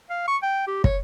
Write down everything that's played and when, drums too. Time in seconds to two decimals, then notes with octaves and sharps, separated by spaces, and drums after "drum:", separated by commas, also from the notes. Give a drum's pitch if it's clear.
0.10 F5
0.28 C#6
0.43 G5
0.67 G4
0.84 C#5, drum: kick